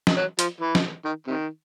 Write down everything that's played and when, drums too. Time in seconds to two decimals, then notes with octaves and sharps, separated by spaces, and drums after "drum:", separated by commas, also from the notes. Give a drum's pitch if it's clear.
0.07 drum: snare
0.17 F#3
0.39 F3, drum: hi-hat
0.61 E3
0.75 drum: snare
1.05 D#3
1.27 C3 D#3